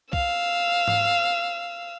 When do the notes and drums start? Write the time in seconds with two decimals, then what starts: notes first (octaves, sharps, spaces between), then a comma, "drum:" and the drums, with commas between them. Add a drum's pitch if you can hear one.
0.13 F5 E6, drum: kick
0.88 drum: tom G#2